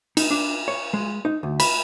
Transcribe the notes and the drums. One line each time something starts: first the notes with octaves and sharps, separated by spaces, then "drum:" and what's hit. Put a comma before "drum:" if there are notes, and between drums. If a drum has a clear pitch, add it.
D#4, drum: cymbal
D4
C#5
G#3
D#4
D2
B5, drum: cymbal